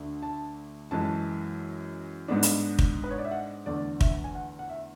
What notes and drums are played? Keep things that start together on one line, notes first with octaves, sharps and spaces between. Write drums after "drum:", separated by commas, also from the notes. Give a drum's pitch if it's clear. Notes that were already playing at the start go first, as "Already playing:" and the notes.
Already playing: D2 D3 A3 D4
A5
F#2 E3 G#3 A5
G#2 G#3 B3 D4
drum: hi-hat
drum: kick
B4
C#5
D5
E5
F#5
E2 D3 A3 D5
E5, drum: kick
G#5
F#5
F#5
E5